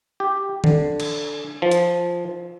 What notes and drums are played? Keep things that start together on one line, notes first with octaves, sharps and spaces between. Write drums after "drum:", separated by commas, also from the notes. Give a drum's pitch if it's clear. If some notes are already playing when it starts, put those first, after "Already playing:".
G4
D3, drum: tom D#3
drum: cymbal
F3
drum: hi-hat